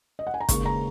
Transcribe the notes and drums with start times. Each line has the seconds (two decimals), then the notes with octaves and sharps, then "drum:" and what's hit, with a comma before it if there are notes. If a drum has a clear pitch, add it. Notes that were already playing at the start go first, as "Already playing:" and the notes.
0.19 D#5
0.27 F#5
0.34 G#5
0.40 A#5
0.49 D#2 C#3 G#3 C#6, drum: kick, hi-hat
0.66 A#5